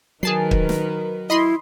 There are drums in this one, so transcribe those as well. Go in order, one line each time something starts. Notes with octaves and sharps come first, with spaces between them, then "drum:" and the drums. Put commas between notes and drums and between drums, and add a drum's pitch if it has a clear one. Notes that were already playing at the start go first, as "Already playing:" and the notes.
D#3 F#3 G#4 A#4 B4 A5 C7
drum: kick
drum: snare
E4 D#5 B5 C6